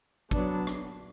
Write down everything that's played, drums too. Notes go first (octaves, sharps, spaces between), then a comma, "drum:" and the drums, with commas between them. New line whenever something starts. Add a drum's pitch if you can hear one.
F#3 B3 D4, drum: kick G#1
drum: rim click